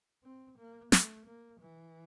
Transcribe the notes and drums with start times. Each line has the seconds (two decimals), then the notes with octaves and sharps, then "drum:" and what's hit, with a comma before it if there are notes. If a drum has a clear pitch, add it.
0.23 C4
0.58 A#3
0.92 A3, drum: snare
1.26 A#3
1.60 E3